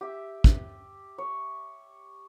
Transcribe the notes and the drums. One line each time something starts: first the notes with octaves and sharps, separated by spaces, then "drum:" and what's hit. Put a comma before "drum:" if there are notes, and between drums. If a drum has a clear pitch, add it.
G4 E5
drum: kick
C#5